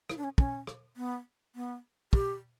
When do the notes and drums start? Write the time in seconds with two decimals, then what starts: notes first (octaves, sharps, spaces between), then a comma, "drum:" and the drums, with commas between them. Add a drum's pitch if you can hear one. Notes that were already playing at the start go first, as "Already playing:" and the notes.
0.10 E4, drum: rim click
0.18 D4
0.24 C#4
0.38 C#4, drum: kick
0.67 drum: rim click
0.97 B3
1.55 B3
2.13 G4, drum: kick